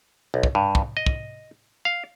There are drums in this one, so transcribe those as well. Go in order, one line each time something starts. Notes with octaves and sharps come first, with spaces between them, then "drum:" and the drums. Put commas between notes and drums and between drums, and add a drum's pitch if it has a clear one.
B1
drum: kick
G2
drum: kick
D#5
drum: kick
F5